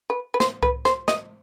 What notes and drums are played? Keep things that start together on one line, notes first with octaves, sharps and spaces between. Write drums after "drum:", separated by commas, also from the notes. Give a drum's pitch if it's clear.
B4
B4
C5, drum: snare
B4, drum: kick C2
C5, drum: snare
D#5, drum: snare